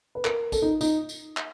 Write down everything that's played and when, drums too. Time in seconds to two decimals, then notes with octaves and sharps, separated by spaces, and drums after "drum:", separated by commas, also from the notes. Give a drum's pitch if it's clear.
0.15 B4
0.25 A#4, drum: clap
0.52 A4, drum: kick A#1, tambourine
0.62 D#4
0.81 D#4, drum: tambourine
1.09 drum: tambourine
1.37 drum: clap